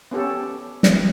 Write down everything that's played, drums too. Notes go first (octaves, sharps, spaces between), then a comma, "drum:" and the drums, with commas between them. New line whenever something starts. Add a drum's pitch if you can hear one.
B3 C#4 G4 A4
drum: snare